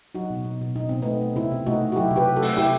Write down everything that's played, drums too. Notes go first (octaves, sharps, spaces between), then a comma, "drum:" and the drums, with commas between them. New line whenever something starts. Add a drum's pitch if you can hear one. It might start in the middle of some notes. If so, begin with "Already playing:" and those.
F#3 D#4 F#4
B2
B2
B2
B2 D#4
B2 C4
A3 B3 D#4
A3
C3 C4 E4
C3
A3 D#4 F#4
A3
F#4
F#3 E4 G4
C3
G4 B4
C3
F#4 A4
A3, drum: open hi-hat
C3 E4 G4